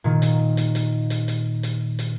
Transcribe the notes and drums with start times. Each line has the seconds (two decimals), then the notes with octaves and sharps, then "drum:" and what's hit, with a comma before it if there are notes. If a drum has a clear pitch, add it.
0.04 A#2 D#3
0.22 drum: hi-hat
0.57 drum: hi-hat
0.75 drum: hi-hat
1.10 drum: hi-hat
1.28 drum: hi-hat
1.63 drum: hi-hat
1.99 drum: hi-hat